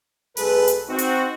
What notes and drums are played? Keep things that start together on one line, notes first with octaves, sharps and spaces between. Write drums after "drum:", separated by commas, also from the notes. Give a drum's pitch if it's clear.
B1 G#3 G#4 A4 B4, drum: open hi-hat
drum: hi-hat
C4 D#4 F#4
drum: hi-hat